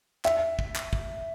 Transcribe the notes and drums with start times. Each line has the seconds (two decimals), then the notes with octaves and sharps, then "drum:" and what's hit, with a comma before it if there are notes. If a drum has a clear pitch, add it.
0.25 E5, drum: clap
0.59 drum: kick
0.76 drum: clap
0.93 drum: kick